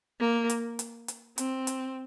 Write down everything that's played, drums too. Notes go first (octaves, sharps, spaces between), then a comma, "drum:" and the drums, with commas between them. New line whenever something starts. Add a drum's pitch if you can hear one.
A#3
drum: hi-hat
drum: hi-hat
drum: hi-hat
C4, drum: hi-hat
drum: hi-hat